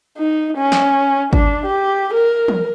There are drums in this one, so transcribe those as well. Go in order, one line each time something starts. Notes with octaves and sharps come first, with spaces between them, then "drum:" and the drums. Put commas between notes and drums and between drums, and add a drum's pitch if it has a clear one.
D#4
C#4
drum: snare
D4, drum: kick G#1
G4
A#4
drum: tom